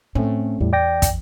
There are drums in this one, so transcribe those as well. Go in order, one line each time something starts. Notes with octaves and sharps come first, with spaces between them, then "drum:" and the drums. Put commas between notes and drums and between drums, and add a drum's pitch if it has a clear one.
A2 A3 C4 C#4
E2 A2 G3
D5 G5 A#6
drum: kick, hi-hat